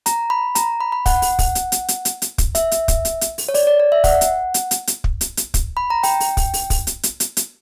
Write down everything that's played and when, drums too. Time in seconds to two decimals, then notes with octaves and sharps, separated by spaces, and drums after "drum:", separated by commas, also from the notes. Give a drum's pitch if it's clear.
0.06 A#5, drum: hi-hat
0.30 B5
0.55 A#5, drum: hi-hat
0.81 B5
0.92 B5
1.06 F#5, drum: kick, open hi-hat
1.22 drum: open hi-hat
1.39 drum: kick, open hi-hat
1.55 drum: hi-hat
1.72 drum: hi-hat
1.88 drum: hi-hat
2.05 drum: hi-hat
2.22 drum: hi-hat
2.38 drum: kick, hi-hat
2.55 E5, drum: hi-hat
2.72 drum: hi-hat
2.88 drum: kick, hi-hat
3.05 drum: hi-hat
3.21 drum: hi-hat
3.38 drum: open hi-hat
3.49 C#5
3.54 D5, drum: open hi-hat
3.67 D5
3.80 D5
3.92 E5
4.04 F#5, drum: kick, open hi-hat
4.21 drum: hi-hat
4.54 drum: hi-hat
4.71 drum: hi-hat
4.87 drum: hi-hat
5.04 drum: kick
5.21 drum: hi-hat
5.37 drum: hi-hat
5.54 drum: kick, hi-hat
5.77 B5
5.90 A#5
6.03 G5, drum: open hi-hat
6.20 drum: open hi-hat
6.37 drum: kick, open hi-hat
6.54 drum: open hi-hat
6.70 drum: kick, open hi-hat
6.87 drum: hi-hat
7.03 drum: hi-hat
7.20 drum: hi-hat
7.37 drum: hi-hat